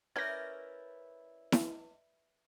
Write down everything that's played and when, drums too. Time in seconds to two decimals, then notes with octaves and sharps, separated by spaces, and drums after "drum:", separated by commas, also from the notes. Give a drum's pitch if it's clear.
0.16 C#4 E4 A#4 B4 D5 G6 G#6 A#6
1.52 drum: snare E4